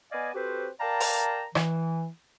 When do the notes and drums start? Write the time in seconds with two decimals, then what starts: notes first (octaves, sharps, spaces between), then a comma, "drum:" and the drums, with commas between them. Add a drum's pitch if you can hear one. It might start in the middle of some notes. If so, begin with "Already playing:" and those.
0.12 B3 D5 D#5 F5 G#5
0.35 C4 F#4 G4 A4 B4 C5
0.81 A#4 D5 F5 G5 A5 A#5
1.00 drum: open hi-hat
1.55 E3, drum: rim click